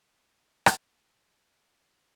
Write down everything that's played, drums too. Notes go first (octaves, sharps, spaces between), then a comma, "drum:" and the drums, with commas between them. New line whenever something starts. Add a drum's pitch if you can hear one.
G4 B4 D5 F#5
drum: rim click